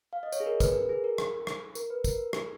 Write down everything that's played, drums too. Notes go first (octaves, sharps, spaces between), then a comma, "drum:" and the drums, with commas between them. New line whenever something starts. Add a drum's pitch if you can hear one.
F5
D#5
C#5, drum: tambourine
G#4
A#4
B4, drum: kick, tambourine
B4
A#4
G#4
A#4
drum: rim click
drum: rim click
A#4, drum: tambourine
B4
A#4, drum: kick, tambourine
drum: rim click